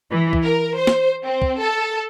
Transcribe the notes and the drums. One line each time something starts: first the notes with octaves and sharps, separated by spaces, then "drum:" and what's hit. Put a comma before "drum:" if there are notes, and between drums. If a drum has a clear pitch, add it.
E3
drum: kick
A#4
C5
drum: snare
C4
drum: kick
A4